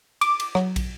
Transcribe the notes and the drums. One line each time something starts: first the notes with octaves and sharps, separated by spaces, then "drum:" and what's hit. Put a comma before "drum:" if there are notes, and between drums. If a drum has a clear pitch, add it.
D6, drum: cymbal
drum: cymbal
F#3, drum: rim click
drum: kick, cymbal